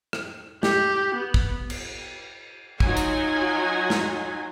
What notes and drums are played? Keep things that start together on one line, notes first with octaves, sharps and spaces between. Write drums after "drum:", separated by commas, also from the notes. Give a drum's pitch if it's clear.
drum: rim click
G4, drum: snare
B3
drum: kick
drum: cymbal
F#3 D#4 F4 F#4 G#5, drum: kick
drum: hi-hat
drum: snare